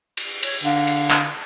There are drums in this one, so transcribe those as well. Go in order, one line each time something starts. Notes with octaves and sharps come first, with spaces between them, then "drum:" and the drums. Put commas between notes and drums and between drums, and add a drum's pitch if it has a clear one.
drum: cymbal
C#5, drum: cymbal
D3 F5
drum: cymbal
drum: clap